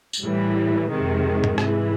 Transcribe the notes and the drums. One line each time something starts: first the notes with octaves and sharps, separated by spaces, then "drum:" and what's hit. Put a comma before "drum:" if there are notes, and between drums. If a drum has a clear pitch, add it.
drum: tambourine
A2 E3 G3
F2 C3 D#3 G#3
drum: tom G#2
G#2 E3, drum: rim click